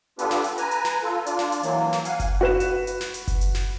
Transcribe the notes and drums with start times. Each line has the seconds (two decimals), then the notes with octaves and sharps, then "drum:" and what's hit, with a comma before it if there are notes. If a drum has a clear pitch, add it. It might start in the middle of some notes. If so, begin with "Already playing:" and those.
0.19 B3 D4 F4 G4 A4 B4, drum: hi-hat
0.31 drum: snare
0.44 drum: hi-hat
0.58 B4 G#5 A#5, drum: hi-hat
0.71 drum: hi-hat
0.85 drum: snare
1.03 F4 A4
1.26 D4 F4 D5, drum: hi-hat
1.39 drum: snare
1.52 drum: hi-hat
1.63 E3 F#3 A#3, drum: hi-hat
1.93 drum: snare
2.05 F5 F#5 G#5, drum: hi-hat
2.20 drum: kick F#1, hi-hat
2.41 F#4 B4 E7
2.60 drum: hi-hat
2.87 drum: hi-hat
3.01 drum: snare
3.14 drum: hi-hat
3.28 drum: kick F#1, hi-hat
3.41 drum: hi-hat
3.55 drum: snare